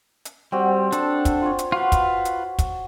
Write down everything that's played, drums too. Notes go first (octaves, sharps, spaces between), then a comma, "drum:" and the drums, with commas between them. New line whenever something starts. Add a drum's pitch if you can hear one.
drum: hi-hat
G3 C4 F#4
D4 A4, drum: hi-hat
drum: kick, hi-hat
F4 C#5
drum: hi-hat
F4 F#4 B4
drum: kick, hi-hat
drum: hi-hat
drum: kick, hi-hat